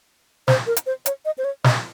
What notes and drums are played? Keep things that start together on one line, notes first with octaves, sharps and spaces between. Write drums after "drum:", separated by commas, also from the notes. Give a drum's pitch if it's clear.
C5, drum: snare
A#4
drum: hi-hat
C5
C#5, drum: hi-hat
D#5
C5
C#5
D#5, drum: snare